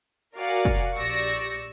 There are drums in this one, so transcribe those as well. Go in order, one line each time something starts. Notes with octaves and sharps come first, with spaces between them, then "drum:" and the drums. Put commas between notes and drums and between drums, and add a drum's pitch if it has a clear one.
F#4 A#4 D5 F5 F#5 G#5
drum: kick
A#1 G4 D5 C#6 E6 A#6